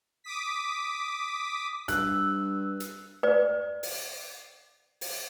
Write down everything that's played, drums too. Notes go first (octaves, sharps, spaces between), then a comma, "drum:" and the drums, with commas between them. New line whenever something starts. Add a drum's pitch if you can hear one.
D6 D#6 B6
G2 E6 F#6, drum: hi-hat
drum: hi-hat
B4 D5
drum: open hi-hat
drum: open hi-hat